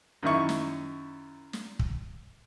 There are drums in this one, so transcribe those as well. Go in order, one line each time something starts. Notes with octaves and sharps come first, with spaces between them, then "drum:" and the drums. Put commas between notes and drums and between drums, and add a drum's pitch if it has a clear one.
F#2 D#3 E4 C#6
drum: snare
drum: snare
drum: kick